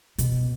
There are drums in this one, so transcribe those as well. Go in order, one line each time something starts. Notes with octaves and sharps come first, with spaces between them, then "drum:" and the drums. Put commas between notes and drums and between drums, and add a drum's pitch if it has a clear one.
B2, drum: hi-hat